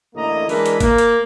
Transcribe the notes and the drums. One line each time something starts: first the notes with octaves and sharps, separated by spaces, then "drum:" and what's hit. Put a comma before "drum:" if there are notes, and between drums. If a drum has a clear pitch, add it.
A1 D3 A#3 E4 D#5 A#5
E3 G#3 D4 A#4 B4 E5, drum: open hi-hat
drum: hi-hat
A#3, drum: kick, hi-hat
drum: hi-hat